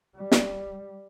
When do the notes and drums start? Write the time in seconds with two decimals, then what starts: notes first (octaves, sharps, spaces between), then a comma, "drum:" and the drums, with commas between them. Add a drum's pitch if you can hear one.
0.16 G3
0.32 drum: snare